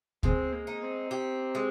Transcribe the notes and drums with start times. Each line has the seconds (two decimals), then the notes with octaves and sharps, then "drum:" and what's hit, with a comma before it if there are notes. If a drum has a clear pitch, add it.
0.23 G#3 C4, drum: kick D2
0.52 A#3
0.67 D#4
0.82 C4
1.11 G4
1.55 G#3